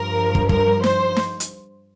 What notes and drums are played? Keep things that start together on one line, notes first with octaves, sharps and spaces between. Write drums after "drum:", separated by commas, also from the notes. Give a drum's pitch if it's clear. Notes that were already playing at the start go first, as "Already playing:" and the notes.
Already playing: G2 F3 A#4
drum: kick
A#4, drum: kick
C5, drum: snare
drum: snare
drum: hi-hat